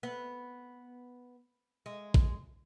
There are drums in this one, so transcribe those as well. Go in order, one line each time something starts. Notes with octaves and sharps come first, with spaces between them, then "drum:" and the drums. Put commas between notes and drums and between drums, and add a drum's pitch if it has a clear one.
B3
G#3
drum: kick